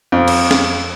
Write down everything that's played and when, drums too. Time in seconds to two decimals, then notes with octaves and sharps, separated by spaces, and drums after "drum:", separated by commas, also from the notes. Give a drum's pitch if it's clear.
0.12 F2
0.28 drum: cymbal
0.51 drum: snare